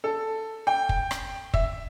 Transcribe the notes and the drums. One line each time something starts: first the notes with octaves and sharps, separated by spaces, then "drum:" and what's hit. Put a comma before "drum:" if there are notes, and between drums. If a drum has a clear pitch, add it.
A4
G5
drum: kick
drum: rim click
E5, drum: kick